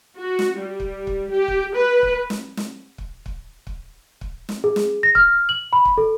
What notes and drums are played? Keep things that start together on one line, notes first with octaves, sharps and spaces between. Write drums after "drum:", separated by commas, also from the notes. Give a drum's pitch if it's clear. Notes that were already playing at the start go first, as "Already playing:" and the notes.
F#4
drum: snare
G3
drum: kick
drum: kick
G4
drum: kick
B4
drum: kick
drum: snare
drum: snare
drum: kick
drum: kick
drum: kick
drum: kick
drum: snare
G#4
drum: snare
A#6
F6, drum: kick
F#7
B5
drum: kick
A4